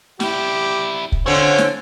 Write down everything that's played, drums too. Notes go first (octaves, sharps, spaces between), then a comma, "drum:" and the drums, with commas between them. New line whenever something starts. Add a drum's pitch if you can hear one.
G3 E4 G4, drum: snare
drum: kick
D3 C4 C#4 F4 F#4 C#5
drum: snare